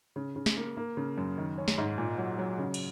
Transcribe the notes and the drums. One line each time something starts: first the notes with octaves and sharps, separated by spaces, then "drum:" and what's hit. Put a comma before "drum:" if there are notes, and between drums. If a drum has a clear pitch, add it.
C#3
C#3
drum: snare
A#3
A#3
C#3
F#2
D#3
C#4
drum: snare
G#2
A#2
F#3
F#3
C#3
drum: cymbal